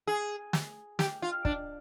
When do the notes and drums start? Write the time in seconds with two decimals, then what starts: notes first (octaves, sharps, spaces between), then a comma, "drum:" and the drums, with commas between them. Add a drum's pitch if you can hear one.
0.07 G#4
0.53 drum: snare
0.99 G4, drum: snare
1.22 F4
1.45 D4, drum: kick